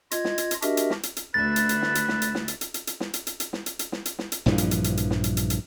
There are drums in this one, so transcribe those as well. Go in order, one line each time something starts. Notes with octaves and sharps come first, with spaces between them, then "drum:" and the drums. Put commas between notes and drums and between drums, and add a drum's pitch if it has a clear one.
F4 D#5 G#6, drum: hi-hat
drum: snare
drum: hi-hat
drum: hi-hat
D4 F#4 G4 A#4 D#5 E5, drum: hi-hat
drum: hi-hat
drum: snare
drum: hi-hat
drum: hi-hat
D2 B4 E5 A6
drum: hi-hat
drum: hi-hat
drum: snare
drum: hi-hat
drum: snare
drum: hi-hat
drum: snare
drum: hi-hat
drum: hi-hat
drum: hi-hat
drum: hi-hat
drum: snare
drum: hi-hat
drum: hi-hat
drum: hi-hat
drum: snare
drum: hi-hat
drum: hi-hat
drum: snare
drum: hi-hat
drum: snare
drum: hi-hat
A#1 G2 E3 F3, drum: snare
drum: hi-hat
drum: hi-hat
drum: hi-hat
drum: hi-hat
drum: snare
drum: hi-hat
drum: hi-hat
drum: hi-hat